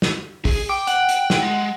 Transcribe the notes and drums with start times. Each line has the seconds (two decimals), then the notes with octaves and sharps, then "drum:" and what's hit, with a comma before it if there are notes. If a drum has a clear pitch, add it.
0.02 drum: snare
0.45 G#4, drum: kick, open hi-hat
0.69 G5 D6
0.87 F#5, drum: hi-hat
1.09 drum: hi-hat
1.30 drum: snare
1.43 G#3